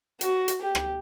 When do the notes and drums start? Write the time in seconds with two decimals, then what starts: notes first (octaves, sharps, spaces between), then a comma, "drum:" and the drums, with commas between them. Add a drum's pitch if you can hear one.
0.21 F#4, drum: hi-hat
0.48 drum: hi-hat
0.62 G4
0.75 drum: rim click